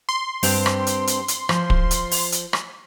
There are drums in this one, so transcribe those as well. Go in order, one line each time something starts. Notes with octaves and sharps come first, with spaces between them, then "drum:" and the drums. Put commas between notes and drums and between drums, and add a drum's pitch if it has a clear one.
C6
G2 C4 G4, drum: open hi-hat
drum: rim click
drum: hi-hat
drum: hi-hat
drum: hi-hat
F3, drum: rim click
drum: kick
drum: hi-hat
drum: open hi-hat
drum: hi-hat
drum: rim click